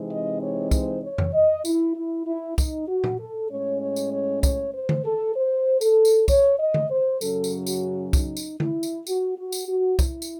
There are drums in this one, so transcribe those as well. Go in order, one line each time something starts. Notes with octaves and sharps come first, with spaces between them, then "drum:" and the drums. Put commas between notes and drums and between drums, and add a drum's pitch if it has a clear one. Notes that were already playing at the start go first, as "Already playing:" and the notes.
Already playing: C3 E3 G#3 C4 D#4
D#5
C#5
C5, drum: kick, tambourine
C#5
drum: tom F2
D#5
E4, drum: tambourine
E4
E4
D#4, drum: kick, tambourine
F#4
drum: tom A#2
A4
A2 G#3 C#4 C#5
C#5
drum: tambourine
C#5
C#5, drum: kick, tambourine
C5
drum: tom D3
A4
C5
A4, drum: tambourine
drum: tambourine
C#5, drum: kick, tambourine
D#5
drum: tom D3
C5
F#2 C#3 F#3 C#4 A4, drum: tambourine
drum: tambourine
F#4, drum: tambourine
D#4, drum: kick, tambourine
drum: tambourine
E4, drum: tom D3
drum: tambourine
F#4, drum: tambourine
F#4
drum: tambourine
F#4
E4, drum: kick, tambourine
drum: tambourine